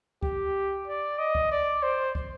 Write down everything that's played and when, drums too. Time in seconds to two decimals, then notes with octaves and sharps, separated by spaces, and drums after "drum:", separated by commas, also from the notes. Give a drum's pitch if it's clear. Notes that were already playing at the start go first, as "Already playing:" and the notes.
0.23 G4, drum: kick
0.87 D5
1.19 D#5
1.35 drum: kick
1.51 D5
1.83 C5
2.15 drum: kick